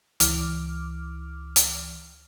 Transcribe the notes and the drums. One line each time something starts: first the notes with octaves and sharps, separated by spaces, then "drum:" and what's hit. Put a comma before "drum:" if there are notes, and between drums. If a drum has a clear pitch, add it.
C#2 E3 D6 F6, drum: hi-hat
drum: hi-hat